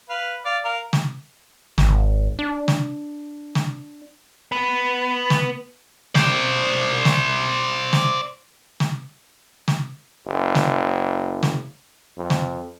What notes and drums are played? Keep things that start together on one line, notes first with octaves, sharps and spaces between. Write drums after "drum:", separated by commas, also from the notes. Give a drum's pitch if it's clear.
B4 F5
D5 F5
A#4 F5
drum: snare
G#1, drum: snare
D4
drum: snare
drum: snare
B3
drum: snare
C5 D5, drum: snare
drum: snare
drum: snare
drum: snare
drum: snare
F#1
drum: snare
drum: snare
F2
drum: snare